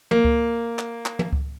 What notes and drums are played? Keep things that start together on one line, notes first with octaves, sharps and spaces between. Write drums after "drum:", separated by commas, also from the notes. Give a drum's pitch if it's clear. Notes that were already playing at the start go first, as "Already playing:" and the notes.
A#3, drum: tom
drum: kick C#2
drum: clap
drum: clap
drum: tom
drum: kick C#2